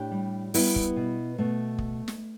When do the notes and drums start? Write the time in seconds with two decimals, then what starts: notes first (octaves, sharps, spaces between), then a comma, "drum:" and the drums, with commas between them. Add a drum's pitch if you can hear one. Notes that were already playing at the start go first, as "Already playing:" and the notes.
Already playing: A2 D4 G4
0.11 G3
0.54 G3 B3 E4, drum: open hi-hat
0.76 drum: kick
0.96 B2
1.38 B2 A3
1.79 drum: kick
2.08 drum: snare